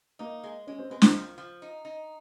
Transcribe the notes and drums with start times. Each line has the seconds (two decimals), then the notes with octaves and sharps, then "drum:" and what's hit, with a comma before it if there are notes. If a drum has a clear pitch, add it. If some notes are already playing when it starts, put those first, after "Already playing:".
0.19 A#3 D#4
0.43 G#3
0.67 G#3 C#4
0.79 C4
0.90 G#3 B3
1.02 C4, drum: snare
1.14 F3
1.38 F3
1.62 D#4
1.85 D#4